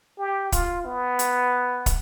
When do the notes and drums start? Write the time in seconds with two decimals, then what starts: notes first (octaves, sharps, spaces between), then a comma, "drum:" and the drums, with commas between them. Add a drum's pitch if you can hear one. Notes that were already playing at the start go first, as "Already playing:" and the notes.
0.18 G4
0.52 F4, drum: kick, hi-hat
0.86 B3
1.19 drum: hi-hat
1.86 drum: kick, hi-hat